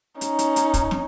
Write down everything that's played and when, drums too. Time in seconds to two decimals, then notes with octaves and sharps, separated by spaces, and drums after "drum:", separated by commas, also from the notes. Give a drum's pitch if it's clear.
0.21 C#4 D#4, drum: hi-hat
0.39 drum: hi-hat
0.56 drum: hi-hat
0.74 drum: kick, hi-hat
0.91 drum: snare